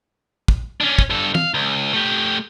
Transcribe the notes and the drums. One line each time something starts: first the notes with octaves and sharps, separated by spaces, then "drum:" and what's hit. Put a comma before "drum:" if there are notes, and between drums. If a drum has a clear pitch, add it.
drum: kick
C#4 D4
drum: kick
G2 A4
F5, drum: tom
C#2
A3 G4